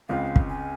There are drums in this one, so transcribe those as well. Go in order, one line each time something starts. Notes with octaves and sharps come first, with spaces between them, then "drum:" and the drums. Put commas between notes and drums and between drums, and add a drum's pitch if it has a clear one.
C#2 C#3 G#3 C4 F4 F5
drum: kick
G#5